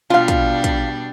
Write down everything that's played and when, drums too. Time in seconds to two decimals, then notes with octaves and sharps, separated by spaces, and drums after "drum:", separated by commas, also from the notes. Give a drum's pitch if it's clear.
0.10 B2 G3 D4 F4 F5
0.28 drum: kick, hi-hat
0.64 drum: kick, hi-hat